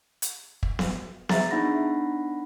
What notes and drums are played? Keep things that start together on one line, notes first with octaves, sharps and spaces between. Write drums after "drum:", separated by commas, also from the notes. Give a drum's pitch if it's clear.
drum: hi-hat
drum: kick
drum: snare B3
G#4 E5 A#5 A6, drum: snare B3
B3 D4 D#4 F#5 B5 A#6